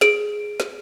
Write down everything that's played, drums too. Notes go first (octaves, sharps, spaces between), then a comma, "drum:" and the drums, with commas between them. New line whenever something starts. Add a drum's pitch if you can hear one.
G#4 D7, drum: snare
drum: snare